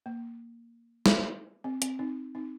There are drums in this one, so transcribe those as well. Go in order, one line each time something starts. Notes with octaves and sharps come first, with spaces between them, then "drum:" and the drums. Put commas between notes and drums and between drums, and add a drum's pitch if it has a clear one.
A#3
drum: snare
C4
C4, drum: hi-hat
C4 D#4
C4 D#4